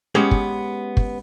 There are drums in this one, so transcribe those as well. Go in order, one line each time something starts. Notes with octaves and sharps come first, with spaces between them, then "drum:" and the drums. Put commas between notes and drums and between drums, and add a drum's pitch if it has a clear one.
G#3 B3 C#4 G4 G#4
drum: kick
drum: kick